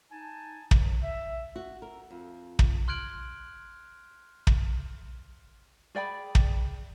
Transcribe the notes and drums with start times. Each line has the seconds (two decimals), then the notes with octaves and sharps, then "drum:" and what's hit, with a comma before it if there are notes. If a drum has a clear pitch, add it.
0.11 D#4 G#5 A5
0.71 D#3 F#3, drum: kick
1.02 E5
1.56 F#4
1.82 A#4
2.10 F2
2.59 drum: kick
2.88 C6 F6 F#6 G#6 D7 F#7
4.47 drum: kick
5.95 G#4 D5 G5 B5
6.35 drum: kick